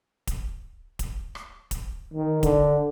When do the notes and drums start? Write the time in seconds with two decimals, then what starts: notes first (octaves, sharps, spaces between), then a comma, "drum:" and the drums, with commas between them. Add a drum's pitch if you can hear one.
0.27 drum: kick D1, hi-hat
0.99 drum: kick D1, hi-hat
1.35 drum: rim click
1.71 drum: kick D1, hi-hat
2.14 D#3
2.43 D3, drum: kick D1, hi-hat